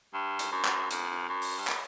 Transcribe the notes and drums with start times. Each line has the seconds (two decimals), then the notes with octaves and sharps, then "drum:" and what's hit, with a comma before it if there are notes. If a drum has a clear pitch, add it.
0.14 G2
0.39 drum: hi-hat
0.52 F#2
0.65 drum: clap
0.91 F2, drum: hi-hat
1.29 F#2
1.42 drum: open hi-hat
1.58 G2
1.67 drum: clap